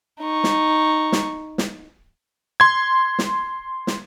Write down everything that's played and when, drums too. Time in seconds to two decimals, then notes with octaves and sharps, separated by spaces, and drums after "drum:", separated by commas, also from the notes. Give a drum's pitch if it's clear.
0.21 D#4 C#6
0.44 drum: snare
1.12 drum: snare
1.58 drum: snare
2.60 C6 G#6
3.19 drum: snare
3.87 drum: snare